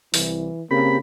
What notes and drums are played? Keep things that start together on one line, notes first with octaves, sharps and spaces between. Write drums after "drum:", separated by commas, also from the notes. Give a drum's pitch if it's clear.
C2 E3, drum: open hi-hat
C#3 A#3 C4 G4 A#4 B5